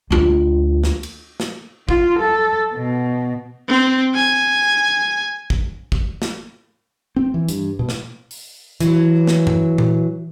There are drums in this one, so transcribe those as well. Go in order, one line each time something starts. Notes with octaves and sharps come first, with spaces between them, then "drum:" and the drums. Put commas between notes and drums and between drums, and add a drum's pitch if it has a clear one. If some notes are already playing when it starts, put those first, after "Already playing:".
D2 F4
drum: snare
drum: cymbal
drum: snare
F4, drum: kick
A4
B2
C4
G#5
drum: kick
drum: kick
drum: snare
C4
E3
G2, drum: hi-hat
B2
drum: snare
drum: open hi-hat
E3 F#3, drum: hi-hat
drum: snare
drum: tom F#2
drum: tom A#2